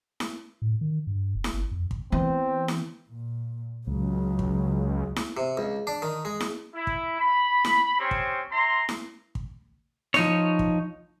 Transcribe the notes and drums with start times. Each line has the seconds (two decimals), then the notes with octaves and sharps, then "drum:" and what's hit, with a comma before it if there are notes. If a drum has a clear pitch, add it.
0.20 drum: snare E4
0.62 A2
0.81 D#3
1.07 G2
1.35 F1
1.44 drum: snare E4
1.53 G1
1.71 F2
1.91 drum: kick
2.12 E3 B3 C4
2.68 drum: snare E4
3.09 A#2
3.87 C#2 C#3 F#3
4.39 drum: kick
5.16 drum: snare E4
5.37 C3
5.57 C#2
5.87 D4
6.02 D#3
6.25 G#3
6.40 drum: snare E4
6.75 E4
6.87 drum: kick
7.19 B5
7.65 drum: snare E4
7.99 C4 C#4 G4 C5 C#5
8.11 drum: kick
8.51 E4 A#5 C6
8.89 drum: snare E4
9.35 drum: kick
10.14 F3 D#4 C#5, drum: snare E4
10.59 drum: kick